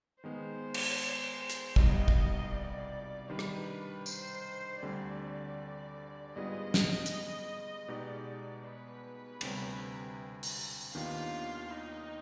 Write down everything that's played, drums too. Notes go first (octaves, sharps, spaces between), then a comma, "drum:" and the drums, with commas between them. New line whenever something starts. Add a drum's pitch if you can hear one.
D#3 G#3 B3 C5
drum: cymbal
drum: hi-hat
C2 B2 G3 C4 D#4 D#5, drum: kick
drum: kick
D5
D#3 G3 D4 B4
drum: rim click
C5, drum: tambourine
D2 D3 G3 C4 D5
G#2 G3 B3 F4 G#4 D#5
drum: snare
drum: hi-hat
B2 G#3 B3 D#4 G4 D5
B4
D2 C3 G3, drum: cymbal
drum: open hi-hat
D#2 D#3 B3 D4 F4 G4
D#4